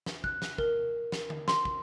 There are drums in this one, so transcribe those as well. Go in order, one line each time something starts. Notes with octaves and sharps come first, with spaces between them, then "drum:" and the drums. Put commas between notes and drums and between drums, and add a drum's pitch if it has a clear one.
drum: snare
F#6, drum: kick
drum: snare
A#4, drum: kick
drum: snare
drum: tom D3
C6, drum: snare
drum: kick